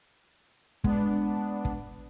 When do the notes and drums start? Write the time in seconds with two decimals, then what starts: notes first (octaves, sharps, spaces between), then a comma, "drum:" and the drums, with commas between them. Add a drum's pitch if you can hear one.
0.84 G#3 B3 D4, drum: kick
1.65 drum: kick